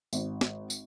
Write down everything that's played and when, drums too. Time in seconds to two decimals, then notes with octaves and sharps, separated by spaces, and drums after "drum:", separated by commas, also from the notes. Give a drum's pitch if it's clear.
0.13 G#1, drum: tambourine
0.41 drum: snare
0.70 drum: tambourine